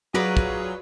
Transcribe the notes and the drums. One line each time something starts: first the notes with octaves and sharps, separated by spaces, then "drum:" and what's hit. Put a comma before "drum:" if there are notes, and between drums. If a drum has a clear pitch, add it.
F#3 F4 F#4 G#4 B4 D5 A#5
drum: kick